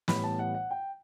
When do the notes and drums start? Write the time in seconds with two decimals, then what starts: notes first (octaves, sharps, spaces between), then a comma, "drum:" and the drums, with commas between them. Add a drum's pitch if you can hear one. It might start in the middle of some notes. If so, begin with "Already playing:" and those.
0.08 A2 E3 G3 B3 B5, drum: snare
0.24 A5
0.39 F#5
0.54 F#5
0.71 G5